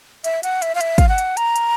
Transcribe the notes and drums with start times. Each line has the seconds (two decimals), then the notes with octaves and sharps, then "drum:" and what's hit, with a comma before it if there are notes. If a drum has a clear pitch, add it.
0.24 E5, drum: hi-hat
0.43 F#5, drum: hi-hat
0.62 E5, drum: hi-hat
0.75 F5
0.81 E5, drum: hi-hat
0.98 F5, drum: kick, hi-hat
1.09 F#5
1.18 drum: hi-hat
1.37 A#5, drum: hi-hat
1.56 drum: hi-hat